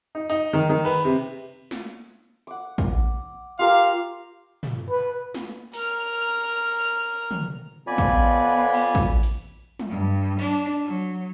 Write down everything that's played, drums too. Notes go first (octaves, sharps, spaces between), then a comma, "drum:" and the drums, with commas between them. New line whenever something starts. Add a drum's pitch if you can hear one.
D#4
D#4, drum: hi-hat
D#3
D#3
B4, drum: cymbal
C3
drum: snare
F#5 D6
drum: kick
F4 G4 A#4 F5
drum: tom
B4
drum: snare
A#4 F6, drum: open hi-hat
drum: tom
F2 B3 F4 D5 G#5 B5
drum: kick
drum: cymbal
drum: kick
drum: hi-hat
drum: tom
G2
D4, drum: cymbal
F#3